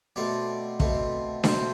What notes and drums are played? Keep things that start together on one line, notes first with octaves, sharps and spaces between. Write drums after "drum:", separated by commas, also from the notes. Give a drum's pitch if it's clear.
B2 A3 C4 D5
B2 A3 C4, drum: kick
B2 A3 C4 C5, drum: snare D4